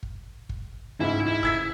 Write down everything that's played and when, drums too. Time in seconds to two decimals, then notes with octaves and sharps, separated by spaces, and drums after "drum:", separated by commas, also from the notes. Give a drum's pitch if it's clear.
0.03 drum: kick
0.49 drum: kick
1.00 C#2 G#2 E4
1.27 E4
1.43 E6 G#6 B6, drum: kick